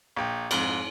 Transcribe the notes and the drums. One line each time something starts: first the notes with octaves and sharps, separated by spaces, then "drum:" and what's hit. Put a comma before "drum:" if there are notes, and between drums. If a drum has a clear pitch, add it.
A#1 G5
F2 G#2, drum: cymbal